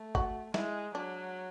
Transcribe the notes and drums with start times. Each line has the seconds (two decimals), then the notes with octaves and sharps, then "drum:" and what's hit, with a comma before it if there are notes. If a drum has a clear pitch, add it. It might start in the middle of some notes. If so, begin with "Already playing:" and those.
Already playing: A3
0.15 F#4, drum: kick G1
0.54 G#3 E4, drum: snare
0.94 F#3 D4